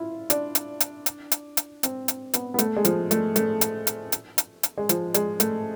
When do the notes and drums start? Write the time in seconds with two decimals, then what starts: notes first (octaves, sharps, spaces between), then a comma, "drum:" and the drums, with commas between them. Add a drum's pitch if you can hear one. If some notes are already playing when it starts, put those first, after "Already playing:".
Already playing: E4 F4
0.30 D4, drum: hi-hat
0.55 drum: hi-hat
0.80 drum: hi-hat
1.06 drum: hi-hat
1.32 drum: hi-hat
1.57 drum: hi-hat
1.83 C4, drum: hi-hat
2.08 drum: hi-hat
2.34 B3, drum: hi-hat
2.54 B3
2.59 A3, drum: hi-hat
2.77 G#3
2.85 F3, drum: hi-hat
3.11 A3, drum: hi-hat
3.36 A3, drum: hi-hat
3.61 drum: hi-hat
3.87 drum: hi-hat
4.12 drum: hi-hat
4.38 drum: hi-hat
4.63 drum: hi-hat
4.78 G#3
4.89 F3, drum: hi-hat
5.14 G#3, drum: hi-hat
5.40 A3, drum: hi-hat